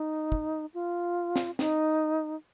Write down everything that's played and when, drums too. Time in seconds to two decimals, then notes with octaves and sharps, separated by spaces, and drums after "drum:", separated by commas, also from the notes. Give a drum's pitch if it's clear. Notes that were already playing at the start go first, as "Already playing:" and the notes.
Already playing: D#4
0.32 drum: kick
0.74 F4
1.36 drum: snare
1.59 D#4, drum: snare